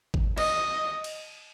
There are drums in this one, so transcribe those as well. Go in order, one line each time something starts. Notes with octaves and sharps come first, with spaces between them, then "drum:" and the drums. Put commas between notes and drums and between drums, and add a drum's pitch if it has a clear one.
drum: kick G#1
D#5, drum: cymbal
drum: cymbal